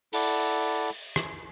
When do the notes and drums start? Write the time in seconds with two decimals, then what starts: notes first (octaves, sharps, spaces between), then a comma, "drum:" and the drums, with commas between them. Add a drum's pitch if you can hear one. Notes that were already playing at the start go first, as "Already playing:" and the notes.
0.13 E4 A4 D5 F#5, drum: open hi-hat
1.16 drum: rim click